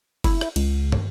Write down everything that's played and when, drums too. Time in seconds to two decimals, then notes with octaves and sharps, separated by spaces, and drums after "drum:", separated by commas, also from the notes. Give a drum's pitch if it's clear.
0.24 E4, drum: kick F#1, cymbal
0.41 drum: rim click
0.56 C#2, drum: cymbal
0.92 drum: tom